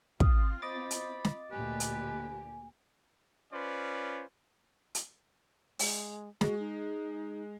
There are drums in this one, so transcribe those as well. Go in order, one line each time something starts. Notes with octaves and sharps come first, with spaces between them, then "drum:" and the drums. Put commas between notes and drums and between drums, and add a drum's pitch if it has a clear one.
C4 F4 F5 D#6, drum: kick
C5 D#5 B5 D6 A6
drum: hi-hat
drum: snare
D2 A#2 G4 B4 G#5
drum: hi-hat
C#4 F4 B4 C5 D5
drum: hi-hat
G#3, drum: open hi-hat
G#3 F#4, drum: snare
D#4